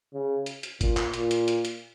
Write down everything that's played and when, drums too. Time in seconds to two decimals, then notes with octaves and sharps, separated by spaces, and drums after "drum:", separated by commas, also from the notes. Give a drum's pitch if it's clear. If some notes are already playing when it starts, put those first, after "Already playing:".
0.13 C#3
0.46 drum: hi-hat
0.63 drum: hi-hat
0.81 A#2, drum: kick G1, hi-hat
0.97 drum: clap
1.14 A#2, drum: hi-hat
1.31 drum: hi-hat
1.48 drum: hi-hat
1.65 drum: hi-hat